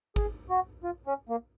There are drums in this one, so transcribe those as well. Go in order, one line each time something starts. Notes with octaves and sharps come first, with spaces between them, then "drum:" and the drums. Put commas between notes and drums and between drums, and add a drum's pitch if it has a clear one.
G#4, drum: kick G#1
F#4
F4
C#4
A#3